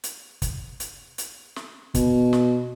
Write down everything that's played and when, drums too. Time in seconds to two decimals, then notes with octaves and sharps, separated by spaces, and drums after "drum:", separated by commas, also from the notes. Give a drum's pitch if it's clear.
0.04 drum: hi-hat
0.42 drum: kick, hi-hat
0.80 drum: hi-hat
1.18 drum: hi-hat
1.56 drum: snare
1.95 B2, drum: kick, hi-hat
2.33 drum: snare